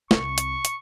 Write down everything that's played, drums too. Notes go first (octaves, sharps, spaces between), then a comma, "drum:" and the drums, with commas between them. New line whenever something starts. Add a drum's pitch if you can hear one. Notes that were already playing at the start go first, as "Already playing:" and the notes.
C2 C4 C#6, drum: snare
drum: hi-hat
drum: hi-hat